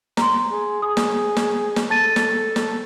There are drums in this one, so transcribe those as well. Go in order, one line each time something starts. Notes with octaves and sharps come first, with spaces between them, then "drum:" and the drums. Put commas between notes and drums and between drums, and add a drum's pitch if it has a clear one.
A#5 C6, drum: snare
G#4
G#4 D#6
drum: snare
drum: snare
drum: snare
A4 A5 A6 D#7
drum: snare
drum: snare